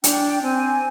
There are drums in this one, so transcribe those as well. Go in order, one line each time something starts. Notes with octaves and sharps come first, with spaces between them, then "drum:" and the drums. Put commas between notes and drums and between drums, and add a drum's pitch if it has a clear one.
D4 G5, drum: hi-hat
C4 G#5